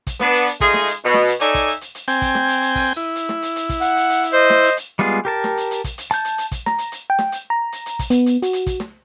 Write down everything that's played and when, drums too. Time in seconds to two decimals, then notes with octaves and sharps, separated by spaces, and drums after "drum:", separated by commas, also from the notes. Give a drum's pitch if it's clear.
0.07 drum: kick, hi-hat
0.20 B3 D4, drum: snare
0.34 drum: hi-hat
0.47 drum: hi-hat
0.60 G#3 A3 D#4 F4 G#4, drum: kick, open hi-hat
0.74 drum: snare
0.87 drum: hi-hat
1.04 B2
1.14 drum: snare
1.28 drum: hi-hat
1.40 D#4 A4 C#5 D5 E5 G#5, drum: hi-hat
1.54 drum: kick, hi-hat
1.68 drum: hi-hat
1.81 drum: hi-hat
1.95 drum: hi-hat
2.08 C4 G5 G#5, drum: hi-hat
2.22 drum: kick, hi-hat
2.35 drum: snare
2.48 drum: hi-hat
2.62 drum: hi-hat
2.75 drum: kick, open hi-hat
2.97 E4
3.16 drum: hi-hat
3.29 drum: snare
3.43 drum: hi-hat
3.56 drum: hi-hat
3.69 drum: kick, hi-hat
3.81 F#5, drum: hi-hat
3.96 drum: hi-hat
4.10 drum: hi-hat
4.23 drum: hi-hat
4.33 C5 D#5
4.50 drum: snare
4.63 drum: hi-hat
4.77 drum: hi-hat
4.99 G3 G#3 B3 F4 G#4
5.25 G4 A#4 A5
5.44 drum: snare
5.57 drum: hi-hat
5.71 drum: hi-hat
5.84 drum: kick, hi-hat
5.98 drum: hi-hat
6.11 A5 G6, drum: hi-hat
6.25 drum: hi-hat
6.38 drum: hi-hat
6.52 drum: kick, hi-hat
6.66 A#5, drum: snare
6.78 drum: hi-hat
6.92 drum: hi-hat
7.10 G5
7.19 drum: snare
7.32 drum: hi-hat
7.50 A#5
7.72 drum: hi-hat
7.86 drum: hi-hat
7.99 drum: kick, hi-hat
8.10 B3, drum: hi-hat
8.26 drum: hi-hat
8.42 F#4, drum: hi-hat
8.53 drum: hi-hat
8.66 drum: kick, hi-hat
8.80 drum: snare